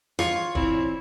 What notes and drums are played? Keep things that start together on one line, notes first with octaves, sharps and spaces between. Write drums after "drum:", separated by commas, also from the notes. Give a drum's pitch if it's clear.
F4 C#5, drum: rim click
E3 C4 E4 D5, drum: kick